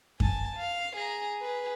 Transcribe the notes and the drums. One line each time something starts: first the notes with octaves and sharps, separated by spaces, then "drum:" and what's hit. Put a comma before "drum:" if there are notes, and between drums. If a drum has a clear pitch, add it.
G#5 A5, drum: kick F#2
F5
G#4 A#5
G#4 B4